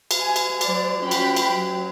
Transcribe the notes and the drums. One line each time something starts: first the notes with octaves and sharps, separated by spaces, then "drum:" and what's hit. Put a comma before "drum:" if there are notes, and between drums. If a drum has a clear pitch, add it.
drum: cymbal
G#5
drum: cymbal
F#3 C5 D5, drum: cymbal
F3 C#4 F#4 G5 B5
drum: cymbal
drum: cymbal
F#3